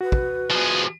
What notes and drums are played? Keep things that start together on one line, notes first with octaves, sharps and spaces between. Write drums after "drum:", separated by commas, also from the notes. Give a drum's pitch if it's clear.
F#4 B4
drum: kick
F3 G#4